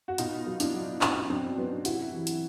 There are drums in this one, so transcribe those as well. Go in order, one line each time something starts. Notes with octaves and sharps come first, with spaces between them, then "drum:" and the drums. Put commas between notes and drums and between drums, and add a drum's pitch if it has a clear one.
F#4
B2 D#4 F4, drum: hi-hat
F#3
D4 E4, drum: hi-hat
F#3
B2 C#4 D#4, drum: clap
F#3 C4 D4
F#3 B3 C#4
C3 E4 F#4, drum: hi-hat
E3
drum: hi-hat